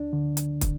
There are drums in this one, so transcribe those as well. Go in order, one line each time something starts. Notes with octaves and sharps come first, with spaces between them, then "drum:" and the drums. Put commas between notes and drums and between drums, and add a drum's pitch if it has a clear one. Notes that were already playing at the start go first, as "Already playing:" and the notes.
Already playing: D2 D4
D3
drum: hi-hat
drum: kick, hi-hat